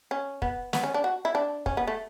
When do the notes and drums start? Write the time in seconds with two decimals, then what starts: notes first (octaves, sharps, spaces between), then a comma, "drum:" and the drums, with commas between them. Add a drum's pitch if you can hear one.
0.11 C#4
0.42 B3, drum: kick
0.73 B3, drum: snare
0.84 C#4
0.94 D4
1.04 F#4
1.25 E4
1.35 D4
1.66 C#4, drum: kick
1.77 B3
1.87 A3